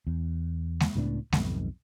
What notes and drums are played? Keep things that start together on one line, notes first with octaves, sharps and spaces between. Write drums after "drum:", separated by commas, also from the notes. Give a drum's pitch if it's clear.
E2
drum: snare G#3
C#2 A2 B3 D4
B1 F2 G#2 D#3, drum: snare G#3